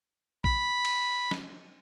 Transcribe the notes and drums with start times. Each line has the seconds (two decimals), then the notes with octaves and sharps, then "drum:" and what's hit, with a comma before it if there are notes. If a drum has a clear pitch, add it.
0.44 B5, drum: kick A#1
0.85 drum: cymbal
1.31 drum: snare